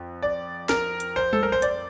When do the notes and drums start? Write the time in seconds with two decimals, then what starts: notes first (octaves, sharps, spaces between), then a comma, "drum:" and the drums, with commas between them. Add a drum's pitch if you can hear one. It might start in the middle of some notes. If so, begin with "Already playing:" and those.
Already playing: F2
0.22 D5
0.69 A#4, drum: snare
1.00 drum: hi-hat
1.16 C5
1.33 A4, drum: tom G3
1.43 A#4
1.52 C5
1.62 D5, drum: hi-hat